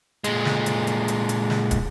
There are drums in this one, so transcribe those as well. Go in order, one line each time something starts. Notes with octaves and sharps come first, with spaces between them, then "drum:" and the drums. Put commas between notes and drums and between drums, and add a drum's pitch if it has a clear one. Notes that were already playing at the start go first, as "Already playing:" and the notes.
A#2 G#3, drum: hi-hat
drum: snare
drum: hi-hat
drum: hi-hat
drum: hi-hat
drum: hi-hat
drum: snare
drum: kick, hi-hat